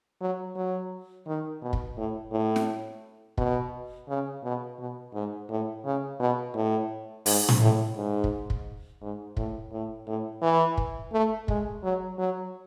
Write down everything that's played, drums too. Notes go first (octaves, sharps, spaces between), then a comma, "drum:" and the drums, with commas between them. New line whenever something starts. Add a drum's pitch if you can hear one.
F#3
F#3
D#3
B2
drum: kick
A2
A2
drum: snare
B2, drum: kick
C#3
B2
B2
G#2
A2
C#3
B2
A2
G#2, drum: open hi-hat
drum: tom A2
A2
G#2
drum: kick
drum: kick
G#2
A2, drum: kick
A2
A2
E3
drum: kick
A3
G#3, drum: kick
F#3
F#3